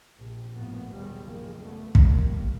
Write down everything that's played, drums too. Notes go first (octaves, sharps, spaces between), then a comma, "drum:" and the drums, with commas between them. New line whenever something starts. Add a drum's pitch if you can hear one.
A#1 C3
G1 F2 A2 A#3 B3
D#2 B2 D#3 G3 G#3
A#1 F#2 C#3 G3 G#3 A#3
C#2 A3 B3
A2 D#3 G3 A#3, drum: kick